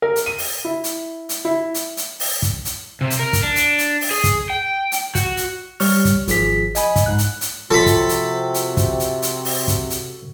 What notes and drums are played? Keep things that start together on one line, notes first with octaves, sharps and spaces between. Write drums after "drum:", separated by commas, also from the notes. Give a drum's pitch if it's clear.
A#4
drum: hi-hat
D#7
drum: open hi-hat
E4
drum: hi-hat
drum: hi-hat
E4
drum: hi-hat
drum: hi-hat
drum: open hi-hat
drum: kick, hi-hat
drum: hi-hat
C3
drum: hi-hat
A#4
drum: kick, hi-hat
D4
drum: hi-hat
drum: hi-hat
drum: open hi-hat
G#4
drum: kick, hi-hat
G5
drum: hi-hat
F#4, drum: kick, hi-hat
drum: hi-hat
G3 C#5 C#6 F6, drum: open hi-hat
drum: kick, hi-hat
G#1 F3 G#4 B6, drum: hi-hat
D#5 G#5 B5, drum: hi-hat
drum: kick, hi-hat
G#2 F#6
drum: hi-hat
drum: hi-hat
C3 F3 F4 F#4 A4 B5 C6
drum: kick, hi-hat
drum: hi-hat
drum: hi-hat
drum: kick, hi-hat
drum: hi-hat
drum: hi-hat
drum: open hi-hat
drum: kick, hi-hat
drum: hi-hat